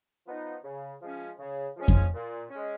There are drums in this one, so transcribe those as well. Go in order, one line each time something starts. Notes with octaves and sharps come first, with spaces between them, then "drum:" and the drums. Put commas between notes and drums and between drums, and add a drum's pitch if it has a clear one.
F3 B3 D#4
C#3
F3 G#3 C#4
C#3
F3 G#3 C#4
drum: kick F2
A#2
C#4
G#3